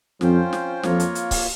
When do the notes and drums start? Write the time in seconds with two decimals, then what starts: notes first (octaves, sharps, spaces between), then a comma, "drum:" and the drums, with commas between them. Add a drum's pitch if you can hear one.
0.21 F2 F3 C#4 F4 C5 G5, drum: snare
0.53 drum: snare
0.83 F2 F3 A#3 F4 A#4 C#5, drum: snare
1.00 drum: hi-hat
1.15 drum: hi-hat
1.31 drum: kick C#1, open hi-hat